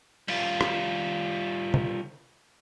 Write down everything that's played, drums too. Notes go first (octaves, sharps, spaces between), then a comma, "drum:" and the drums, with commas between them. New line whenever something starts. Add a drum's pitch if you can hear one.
G3 F4, drum: cymbal
drum: rim click
drum: tom